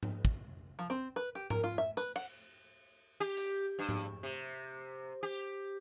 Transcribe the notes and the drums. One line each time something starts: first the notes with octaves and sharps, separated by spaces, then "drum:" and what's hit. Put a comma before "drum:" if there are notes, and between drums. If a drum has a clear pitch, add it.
drum: tom G#2
drum: kick
F3
C4
B4
G4
A#4, drum: tom G#2
F4
E5
B4, drum: tambourine
F#5, drum: cymbal
G4
drum: hi-hat
G2
drum: tom G#2
C3
G4